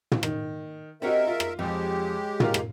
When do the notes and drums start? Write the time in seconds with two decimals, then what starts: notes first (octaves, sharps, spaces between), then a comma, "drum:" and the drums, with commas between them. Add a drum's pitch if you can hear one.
0.12 drum: tom
0.23 D#3, drum: rim click
1.02 G#3 C4 C#4 D#4 F#4 G4 A#4 E5
1.27 F4
1.40 drum: rim click
1.59 F2 F3 F#3 G#3 G4 G#4
2.40 F4 A#4 F5, drum: tom
2.54 drum: rim click